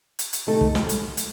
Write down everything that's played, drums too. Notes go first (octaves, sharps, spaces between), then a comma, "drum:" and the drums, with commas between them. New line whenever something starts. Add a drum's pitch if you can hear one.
drum: hi-hat
drum: hi-hat
C3 D#3 A3 D#4 A4
drum: kick
drum: snare
drum: hi-hat
drum: hi-hat